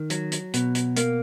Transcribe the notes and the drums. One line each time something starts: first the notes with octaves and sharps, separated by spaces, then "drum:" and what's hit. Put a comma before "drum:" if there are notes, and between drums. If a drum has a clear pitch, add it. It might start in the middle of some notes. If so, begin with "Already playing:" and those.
Already playing: D#3
F#3, drum: hi-hat
drum: hi-hat
B2, drum: hi-hat
drum: hi-hat
A#3, drum: hi-hat